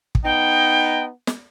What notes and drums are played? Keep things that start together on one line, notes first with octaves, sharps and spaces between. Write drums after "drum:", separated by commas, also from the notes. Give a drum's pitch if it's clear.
drum: kick
B3 D#4 G5
drum: snare